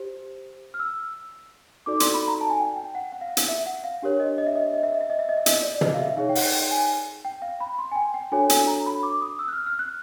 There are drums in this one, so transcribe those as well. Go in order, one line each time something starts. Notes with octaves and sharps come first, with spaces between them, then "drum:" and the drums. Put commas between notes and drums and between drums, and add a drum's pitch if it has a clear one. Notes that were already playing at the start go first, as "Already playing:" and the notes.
Already playing: G4 C5
F6
E6
D#4 F#4 A4 D5 D6
C6, drum: hi-hat
B5
A#5
A5
G#5
G5
G5
F#5
F#5
F5
drum: hi-hat
E5
F#5
F5
D4 G4 A#4 C#5
D#5
D#5
E5
D#5
E5
D#5
E5
D#5
E5
D#5
E5
D#5
E5
D#5, drum: hi-hat
D5
D#5, drum: tom
F5
E5
D#4 G#4 C#5 F5
G5
F#5, drum: open hi-hat
G5
G#5
G5
F5
B5
C6
G#5
G5
G5
D4 F#4 A4 C#5 G#5
G#5, drum: hi-hat
A#5
B5
D6
D#6
E6
F#6
F6
F6
F#6